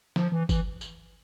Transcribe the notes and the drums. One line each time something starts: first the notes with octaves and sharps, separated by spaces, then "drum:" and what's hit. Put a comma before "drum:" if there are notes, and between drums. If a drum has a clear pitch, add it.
F3, drum: snare
E3
E3, drum: kick G1, tambourine
drum: tambourine